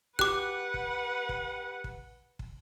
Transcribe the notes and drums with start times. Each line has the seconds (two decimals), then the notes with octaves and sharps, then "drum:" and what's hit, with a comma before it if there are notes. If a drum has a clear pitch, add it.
0.19 G4 B4 F#5 D6 F#6, drum: kick
0.74 drum: kick
1.29 drum: kick
1.84 drum: kick
2.39 drum: kick